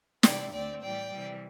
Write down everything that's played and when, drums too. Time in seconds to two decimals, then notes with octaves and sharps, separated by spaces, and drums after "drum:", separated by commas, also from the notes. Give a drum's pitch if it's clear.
0.23 C3 E3 G3 C4 D5 G5, drum: snare
0.52 D2 D3 A3 C4 D5 G5
0.81 A2 E3 G3 D5 G5
1.11 C3 E3 G3